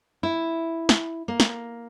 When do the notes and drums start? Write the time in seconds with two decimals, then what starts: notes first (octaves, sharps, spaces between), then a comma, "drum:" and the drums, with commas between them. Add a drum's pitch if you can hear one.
0.23 E4
0.89 drum: snare
1.28 A#3
1.40 drum: snare